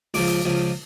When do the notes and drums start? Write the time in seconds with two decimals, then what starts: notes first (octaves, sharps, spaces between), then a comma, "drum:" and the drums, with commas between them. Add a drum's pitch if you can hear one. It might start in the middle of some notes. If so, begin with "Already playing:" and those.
0.14 C#2 C#3 F3 D6, drum: open hi-hat
0.27 drum: hi-hat
0.45 C#2 C#3 F3